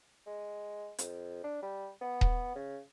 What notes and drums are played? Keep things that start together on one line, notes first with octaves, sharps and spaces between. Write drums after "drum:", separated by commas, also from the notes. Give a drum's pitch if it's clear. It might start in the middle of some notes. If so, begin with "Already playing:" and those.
G#3
F2, drum: hi-hat
D4
G3
B3
drum: kick D#1
C#3